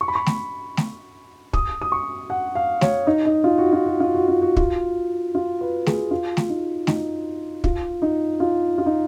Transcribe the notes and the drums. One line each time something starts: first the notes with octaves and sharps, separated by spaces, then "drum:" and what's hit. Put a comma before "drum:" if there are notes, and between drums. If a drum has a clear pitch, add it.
C#6
B5
C#6
drum: snare A3
drum: snare A3
D#6, drum: kick
D#6
C#6
F#5
F5
C#5, drum: snare A3
D#4
D#4
F4
F#4
F4
F#4
F4
F#4
F4
F#4
F4, drum: kick
F4
B4
G#4, drum: snare A3
F4
drum: snare A3
D#4
D#4, drum: snare A3
F4, drum: kick
D#4
F4
F4
D#4